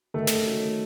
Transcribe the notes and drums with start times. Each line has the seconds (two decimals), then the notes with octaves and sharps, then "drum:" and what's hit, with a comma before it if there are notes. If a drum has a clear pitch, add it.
0.14 D#3 A3
0.27 drum: snare
0.46 F#3 C#4